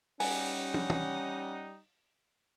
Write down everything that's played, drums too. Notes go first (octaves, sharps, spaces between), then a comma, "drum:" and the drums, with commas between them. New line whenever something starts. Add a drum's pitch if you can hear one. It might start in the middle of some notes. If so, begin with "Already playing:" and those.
G3 C#4 D#4 F#5 G#5, drum: open hi-hat
drum: tom
drum: tom